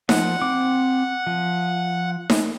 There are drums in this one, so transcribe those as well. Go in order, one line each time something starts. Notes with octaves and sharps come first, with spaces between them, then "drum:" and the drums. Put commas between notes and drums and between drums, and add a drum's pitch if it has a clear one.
F3 F#5, drum: snare D#4
C4 D6
F3
drum: snare D#4